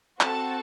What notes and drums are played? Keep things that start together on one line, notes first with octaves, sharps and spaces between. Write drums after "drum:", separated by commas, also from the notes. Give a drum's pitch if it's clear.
C4 F#4 A4 A5, drum: clap